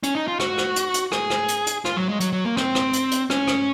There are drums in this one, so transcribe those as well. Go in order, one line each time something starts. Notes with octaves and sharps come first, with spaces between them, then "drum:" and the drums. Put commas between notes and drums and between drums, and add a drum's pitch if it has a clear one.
C#4, drum: hi-hat
D#4
F4
F#4, drum: rim click
drum: rim click
drum: hi-hat
drum: hi-hat
G#4, drum: rim click
drum: rim click
drum: hi-hat
drum: hi-hat
F4, drum: rim click
F#3
G#3
F#3, drum: hi-hat
F#3
A#3
C4, drum: rim click
drum: rim click
drum: hi-hat
drum: hi-hat
C#4, drum: rim click
drum: rim click